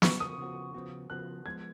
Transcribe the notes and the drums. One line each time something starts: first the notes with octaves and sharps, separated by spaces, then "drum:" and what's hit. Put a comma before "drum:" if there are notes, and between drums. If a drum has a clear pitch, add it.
C#3 F3 B3 F#4 C#6, drum: snare
D#6
C#3 F3 B3 F#4
C#3 F3 B3 F#4
C#3 F3 B3 F#4 F#6
F3 G#3 B3 G#6